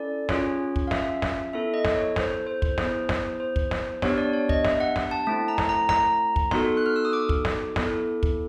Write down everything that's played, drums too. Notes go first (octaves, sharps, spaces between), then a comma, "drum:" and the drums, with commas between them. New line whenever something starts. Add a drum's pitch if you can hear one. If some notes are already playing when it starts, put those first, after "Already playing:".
Already playing: C#4 E4 A4 D5
C#4 F4 G#4 C#5, drum: snare
drum: kick
F5
E5, drum: snare
drum: snare
B3 E4 A4 E5
D#5
drum: snare
C#5
C5, drum: snare
C5
C5
C5, drum: kick
B3 E4 G#4 C5, drum: snare
drum: snare
C5
drum: kick
drum: snare
B3 D4 G4 C#5, drum: snare
D5
C#5
D#5, drum: kick
E5, drum: snare
F#5
drum: snare
A5
A3 C4 E4 A5
A#5
drum: snare
A#5
A#5, drum: snare
drum: kick
B3 D#4 F#4 A4 C6, drum: snare
F#6
F6
E6
D#6
D6
drum: kick
drum: snare
B3 E4 A4, drum: snare
drum: kick